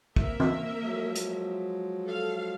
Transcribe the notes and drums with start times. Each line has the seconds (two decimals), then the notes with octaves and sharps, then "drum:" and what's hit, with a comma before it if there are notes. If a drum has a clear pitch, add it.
0.16 A#3 C4 A#4 E5, drum: kick
0.40 drum: tom E3
0.80 F3 F#3 G#3
1.15 drum: hi-hat
2.04 A4 F5